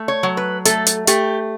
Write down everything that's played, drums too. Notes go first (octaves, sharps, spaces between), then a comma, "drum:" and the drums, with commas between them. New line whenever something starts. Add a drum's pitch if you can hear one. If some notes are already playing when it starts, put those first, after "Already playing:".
Already playing: A3
C#5
F#3
B4
A3 A4, drum: hi-hat
drum: hi-hat
A3 G4, drum: hi-hat